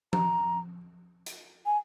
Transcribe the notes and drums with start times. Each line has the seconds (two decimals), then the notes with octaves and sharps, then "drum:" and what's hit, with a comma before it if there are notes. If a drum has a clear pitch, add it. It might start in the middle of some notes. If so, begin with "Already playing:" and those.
0.13 A#5, drum: tom F3
1.26 drum: hi-hat
1.66 G#5